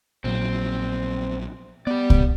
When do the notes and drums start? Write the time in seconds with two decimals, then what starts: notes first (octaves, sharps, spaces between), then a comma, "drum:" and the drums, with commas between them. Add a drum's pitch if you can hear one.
0.24 A#1 A#2 F#3 C4
1.87 B3 G4 D5
2.10 drum: kick C2